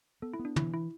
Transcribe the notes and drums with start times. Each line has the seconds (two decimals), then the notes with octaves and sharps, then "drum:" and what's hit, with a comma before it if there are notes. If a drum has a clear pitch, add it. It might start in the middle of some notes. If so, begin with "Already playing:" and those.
0.22 B3 A4
0.34 E4
0.39 B3
0.45 D4
0.56 E3 E4, drum: tom
0.74 E4